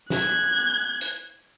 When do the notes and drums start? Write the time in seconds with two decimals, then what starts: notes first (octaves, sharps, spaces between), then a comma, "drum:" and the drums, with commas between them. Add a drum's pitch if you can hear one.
0.10 F#6 G#6, drum: snare
1.01 drum: hi-hat